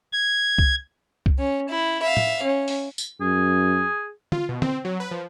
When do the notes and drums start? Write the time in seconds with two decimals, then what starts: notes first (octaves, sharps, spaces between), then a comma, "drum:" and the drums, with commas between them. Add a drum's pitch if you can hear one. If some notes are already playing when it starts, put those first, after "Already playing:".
0.13 G#6
0.58 drum: kick C2
1.26 drum: kick C2
1.39 C#4
1.69 E4
2.03 E5 F5
2.17 drum: tom
2.43 C#4
2.68 drum: open hi-hat
2.98 drum: tambourine
3.21 F#2 G#4
4.32 F4, drum: tom
4.49 B2
4.62 C4, drum: tom
4.85 F#3
5.00 B4
5.11 F3